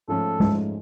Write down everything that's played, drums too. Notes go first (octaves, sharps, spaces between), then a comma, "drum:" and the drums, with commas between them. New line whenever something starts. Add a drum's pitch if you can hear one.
G#2 F3 A3 C#4 A4
G#2 F3 A3 C#4, drum: tom G#3